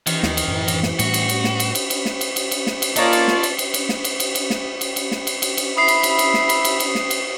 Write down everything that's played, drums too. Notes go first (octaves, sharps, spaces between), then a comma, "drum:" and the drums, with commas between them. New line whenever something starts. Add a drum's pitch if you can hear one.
D#3 E3, drum: cymbal
D#2, drum: snare
drum: cymbal
F#2 A2
drum: cymbal
drum: snare
A2 G3 F#4, drum: cymbal
drum: cymbal
drum: cymbal
drum: snare
drum: cymbal
drum: cymbal
drum: cymbal
drum: snare
drum: cymbal
drum: cymbal
drum: cymbal
drum: snare
drum: cymbal
A#3 D#4 F4 A#4 C#5 D5 A5, drum: cymbal
drum: cymbal
drum: snare
drum: cymbal
drum: cymbal
drum: cymbal
drum: snare
drum: cymbal
drum: cymbal
drum: cymbal
drum: snare
drum: cymbal
drum: cymbal
drum: snare
drum: cymbal
drum: cymbal
drum: cymbal
E4 E5 B5 D#6 C7
drum: cymbal
drum: cymbal
drum: cymbal
drum: snare
drum: cymbal
drum: cymbal
drum: cymbal
drum: snare
drum: cymbal